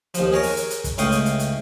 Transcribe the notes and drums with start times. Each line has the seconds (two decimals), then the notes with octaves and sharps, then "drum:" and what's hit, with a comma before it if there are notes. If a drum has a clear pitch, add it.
0.14 D#2 F3, drum: hi-hat
0.32 G#4 A#4 C#5 A#5
0.43 drum: open hi-hat
0.57 drum: hi-hat
0.70 drum: hi-hat
0.84 drum: kick, hi-hat
0.98 C#2 A2 F5 G5 C#6 D#6, drum: hi-hat
1.12 drum: hi-hat
1.26 drum: hi-hat
1.39 drum: hi-hat